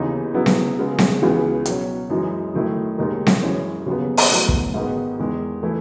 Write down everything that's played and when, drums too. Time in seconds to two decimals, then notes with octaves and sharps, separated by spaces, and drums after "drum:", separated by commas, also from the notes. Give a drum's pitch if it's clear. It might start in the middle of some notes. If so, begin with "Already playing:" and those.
Already playing: D#2 C#3 E3 B3 D#4
0.34 C#3 F#3 B3 E4
0.46 drum: snare C4
0.79 C#3 G#3 B3
0.98 drum: snare C4
1.22 C#2 C#3 E3 B3
1.66 B2 F#3 C#4, drum: hi-hat
2.10 F#2 E3 G#3 D#4
2.54 F#2 D#3 A3 E4
2.98 D#2 D#3 G#3 D#4
3.27 drum: snare C4
3.42 F#2 E3 G#3 C#4
3.86 D#2 C#3 F#3 B3
4.17 drum: open hi-hat
4.30 A2 F#3 B3
4.49 drum: kick
4.74 G#2 D#3 G#3 B3
5.19 E2 D#3 G#3
5.63 E3 A3 E4